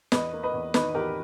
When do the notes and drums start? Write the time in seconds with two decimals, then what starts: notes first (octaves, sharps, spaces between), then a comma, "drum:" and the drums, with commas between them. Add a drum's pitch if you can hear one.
0.12 E2 B4 D#5, drum: snare
0.33 A#3
0.43 B4 D#5
0.53 E2
0.74 D#3 B4 D#5, drum: snare
0.95 E2 G4 A#4